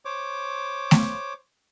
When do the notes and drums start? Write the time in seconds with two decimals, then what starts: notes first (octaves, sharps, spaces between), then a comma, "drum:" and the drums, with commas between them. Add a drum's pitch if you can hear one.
0.05 C5 C#5 D6
0.91 drum: snare A3